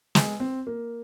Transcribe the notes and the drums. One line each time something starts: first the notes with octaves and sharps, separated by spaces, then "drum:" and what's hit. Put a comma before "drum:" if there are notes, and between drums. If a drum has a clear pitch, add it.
G#3, drum: snare
C4
A#3